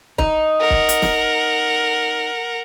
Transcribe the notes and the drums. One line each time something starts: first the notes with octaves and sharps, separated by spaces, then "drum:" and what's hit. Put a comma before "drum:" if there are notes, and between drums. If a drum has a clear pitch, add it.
D#4, drum: kick
A#4 F#5
drum: kick
drum: hi-hat
drum: snare